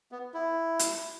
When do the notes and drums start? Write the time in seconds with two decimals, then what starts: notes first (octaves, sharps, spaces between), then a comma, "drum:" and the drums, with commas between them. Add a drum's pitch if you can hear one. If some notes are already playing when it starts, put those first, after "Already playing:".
0.12 B3
0.34 E4
0.79 drum: hi-hat